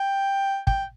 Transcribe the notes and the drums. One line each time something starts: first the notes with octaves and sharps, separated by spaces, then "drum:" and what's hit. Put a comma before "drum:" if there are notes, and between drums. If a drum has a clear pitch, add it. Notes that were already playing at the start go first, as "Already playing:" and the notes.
Already playing: G5
G5, drum: kick